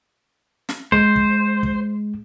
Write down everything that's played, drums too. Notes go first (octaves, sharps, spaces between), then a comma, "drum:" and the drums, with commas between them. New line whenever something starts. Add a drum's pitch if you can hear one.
drum: snare
G#3 C5, drum: kick
drum: kick
drum: kick